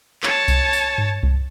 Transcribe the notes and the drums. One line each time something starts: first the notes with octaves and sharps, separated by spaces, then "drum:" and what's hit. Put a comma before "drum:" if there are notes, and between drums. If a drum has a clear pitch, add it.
C#5 A5, drum: clap
drum: kick C2, tambourine
drum: tambourine
drum: tom G2
drum: kick C2